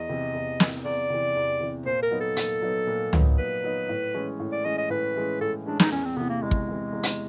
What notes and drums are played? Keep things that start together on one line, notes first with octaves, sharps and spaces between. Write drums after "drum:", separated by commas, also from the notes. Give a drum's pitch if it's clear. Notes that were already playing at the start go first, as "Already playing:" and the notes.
Already playing: E2 D#5
C3 E3
E2
C3 E3, drum: snare
E2 D5
C3 E3
E2
C3 E3
A#2 C5
A#4
F#3 B3 D#4
A4
A#2, drum: hi-hat
F#3 B3 D#4
A#2
F#3 B3 D#4, drum: tom C#2
A#2 B4
F#3 B3 D#4
A2
E3 G#3 C#4
A2
D5
E3 G#3 C#4 D#5
D#5
A2 B4
E3 G#3 C#4
A2 A4
E3 G#3 C#4 D4
D#4, drum: snare
E2 C#4
C4
C3 E3 B3
A#3
E2 G#3
drum: kick
C3 E3
E2
drum: hi-hat